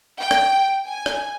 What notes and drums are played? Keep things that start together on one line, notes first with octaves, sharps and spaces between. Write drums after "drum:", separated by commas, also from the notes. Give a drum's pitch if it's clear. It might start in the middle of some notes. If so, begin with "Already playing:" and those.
G5
drum: rim click
G#5
drum: rim click